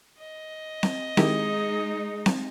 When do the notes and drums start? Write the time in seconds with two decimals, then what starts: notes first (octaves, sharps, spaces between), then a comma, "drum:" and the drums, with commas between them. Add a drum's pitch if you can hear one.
0.19 D#5
0.83 drum: snare C4
1.17 D#3 G#3 D#4 E4 G4 G#4, drum: snare C4
2.26 drum: snare C4